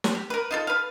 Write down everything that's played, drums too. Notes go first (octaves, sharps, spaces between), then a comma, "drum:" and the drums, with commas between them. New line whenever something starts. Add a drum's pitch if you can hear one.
drum: snare
G4
A#4 B4
D#4 F4 A4
B4 F5